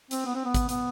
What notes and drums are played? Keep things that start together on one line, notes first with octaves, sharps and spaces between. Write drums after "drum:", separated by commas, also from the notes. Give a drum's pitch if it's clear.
C4, drum: hi-hat
B3
C4
B3
drum: kick, hi-hat
B3, drum: hi-hat